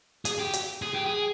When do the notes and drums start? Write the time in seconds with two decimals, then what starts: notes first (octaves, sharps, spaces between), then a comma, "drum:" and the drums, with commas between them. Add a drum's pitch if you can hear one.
0.25 G#4, drum: hi-hat
0.39 G4
0.53 drum: hi-hat
0.82 G#4
0.94 G4
1.05 G#4